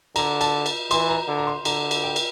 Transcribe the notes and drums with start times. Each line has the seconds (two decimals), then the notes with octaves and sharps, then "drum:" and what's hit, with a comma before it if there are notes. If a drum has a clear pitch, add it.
0.16 D3 A#5, drum: cymbal
0.41 A5, drum: cymbal
0.66 drum: cymbal
0.91 E3 C6, drum: cymbal
1.09 A#5
1.28 D3
1.38 A#5
1.47 C6
1.65 D3 A#5, drum: cymbal
1.91 drum: cymbal
2.04 G5
2.16 drum: cymbal